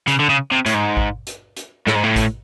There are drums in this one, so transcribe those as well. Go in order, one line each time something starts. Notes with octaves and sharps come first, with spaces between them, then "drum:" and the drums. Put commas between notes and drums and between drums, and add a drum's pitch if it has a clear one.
C#3, drum: hi-hat
D3
C#3
C3
A2, drum: hi-hat
G#2
drum: kick A1
drum: hi-hat
drum: hi-hat
A2, drum: snare
G#2
A2
drum: kick A1, hi-hat